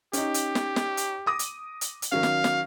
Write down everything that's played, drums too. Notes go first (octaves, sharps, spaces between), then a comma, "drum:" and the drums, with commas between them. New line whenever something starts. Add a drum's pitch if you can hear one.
C#4 D#4 G4, drum: hi-hat
drum: hi-hat
drum: snare
drum: snare
drum: hi-hat
D6 D#6 A#6
drum: hi-hat
drum: hi-hat
drum: hi-hat
D#3 F#3 C#4 F5
drum: snare
drum: snare